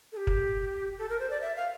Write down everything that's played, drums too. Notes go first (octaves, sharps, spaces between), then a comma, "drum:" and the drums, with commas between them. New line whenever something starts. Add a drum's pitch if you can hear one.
A4
G4
drum: kick
A4
A#4
C5
D5
E5
F5